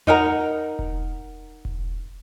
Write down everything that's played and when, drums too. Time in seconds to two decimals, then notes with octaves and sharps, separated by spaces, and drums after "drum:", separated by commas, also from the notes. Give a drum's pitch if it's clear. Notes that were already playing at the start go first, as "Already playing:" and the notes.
0.07 D#4 A#4 F#5 A#5, drum: tom E2
0.79 drum: kick E1
1.65 drum: kick E1